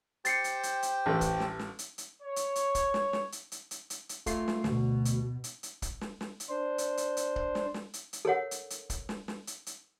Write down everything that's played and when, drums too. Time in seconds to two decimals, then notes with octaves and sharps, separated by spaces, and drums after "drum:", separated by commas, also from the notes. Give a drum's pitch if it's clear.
0.25 G4 C5 G5 A6 C7 C#7, drum: hi-hat
0.44 drum: hi-hat
0.63 drum: hi-hat
0.83 drum: hi-hat
1.06 A1 A4 B4 A5
1.21 drum: kick C#1, hi-hat
1.40 drum: snare
1.59 drum: snare
1.79 drum: hi-hat
1.98 drum: hi-hat
2.23 C#5
2.36 drum: hi-hat
2.55 drum: hi-hat
2.75 drum: kick C#1, hi-hat
2.94 drum: snare
3.13 drum: snare
3.32 drum: hi-hat
3.52 drum: hi-hat
3.71 drum: hi-hat
3.90 drum: hi-hat
4.09 drum: hi-hat
4.26 A3 F4 C7, drum: kick C#1, hi-hat
4.48 drum: snare
4.64 D2 B2 F#4, drum: snare
5.05 drum: hi-hat
5.44 drum: hi-hat
5.63 drum: hi-hat
5.82 drum: kick C#1, hi-hat
6.01 drum: snare
6.21 drum: snare
6.40 drum: hi-hat
6.49 D4 C5
6.78 drum: hi-hat
6.97 drum: hi-hat
7.17 drum: hi-hat
7.36 drum: kick C#1
7.55 drum: snare
7.74 drum: snare
7.94 drum: hi-hat
8.13 drum: hi-hat
8.25 A4 A#4 C#5 F#5
8.51 drum: hi-hat
8.70 drum: hi-hat
8.90 drum: kick C#1, hi-hat
9.09 drum: snare
9.28 drum: snare
9.47 drum: hi-hat
9.66 drum: hi-hat